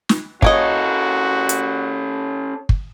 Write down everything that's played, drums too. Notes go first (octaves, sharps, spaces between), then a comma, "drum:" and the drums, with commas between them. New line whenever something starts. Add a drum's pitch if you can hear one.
drum: snare
A#3 C#4 F#4 A4 C#5 D#5, drum: kick
drum: hi-hat
drum: kick